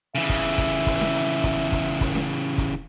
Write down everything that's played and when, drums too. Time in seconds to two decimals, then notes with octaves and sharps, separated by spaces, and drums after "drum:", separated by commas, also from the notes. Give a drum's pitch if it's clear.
0.15 C#3 E3 E5
0.29 drum: kick, hi-hat
0.58 drum: kick, hi-hat
0.87 drum: kick, open hi-hat
1.01 drum: snare C#4
1.15 drum: hi-hat
1.44 drum: kick, hi-hat
1.72 drum: kick, hi-hat
2.01 drum: kick, open hi-hat
2.15 drum: snare C#4
2.58 drum: kick, hi-hat